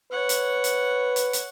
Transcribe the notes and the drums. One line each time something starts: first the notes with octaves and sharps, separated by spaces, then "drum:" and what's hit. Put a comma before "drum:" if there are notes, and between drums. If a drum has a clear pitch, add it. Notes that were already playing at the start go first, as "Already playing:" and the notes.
B4 C#5 F#5
drum: hi-hat
drum: hi-hat
drum: hi-hat
drum: hi-hat